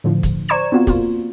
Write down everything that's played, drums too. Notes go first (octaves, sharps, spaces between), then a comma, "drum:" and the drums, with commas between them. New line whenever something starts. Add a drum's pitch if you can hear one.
A2 D3 F3
drum: kick, hi-hat
C5 D5 A#5 C#6 G#6 E7
B3 C4 F4 F#4
A#3 F4 F#4, drum: kick, hi-hat